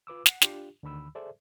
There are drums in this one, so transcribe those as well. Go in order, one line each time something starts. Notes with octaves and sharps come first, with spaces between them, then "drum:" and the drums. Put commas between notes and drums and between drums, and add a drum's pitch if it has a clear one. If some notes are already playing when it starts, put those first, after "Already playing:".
F4 B4 D6 E6
F#5, drum: snare
D4 F4 G4, drum: snare
D2 D3 D#3 B5 E6
G#4 A4 C5 D5 E5